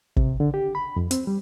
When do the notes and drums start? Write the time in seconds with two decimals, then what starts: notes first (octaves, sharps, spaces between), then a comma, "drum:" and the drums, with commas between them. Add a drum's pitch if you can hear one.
0.17 C3, drum: kick
0.40 D3
0.54 G4
0.75 B5
0.96 F2
1.11 C4, drum: hi-hat
1.27 G3